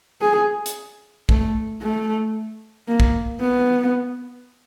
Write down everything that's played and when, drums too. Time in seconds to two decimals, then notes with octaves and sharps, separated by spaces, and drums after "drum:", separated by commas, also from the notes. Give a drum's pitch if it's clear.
0.22 G#4
0.66 drum: hi-hat
1.29 A3, drum: kick A#1
1.82 A3
2.88 A#3
3.00 drum: kick A#1
3.40 B3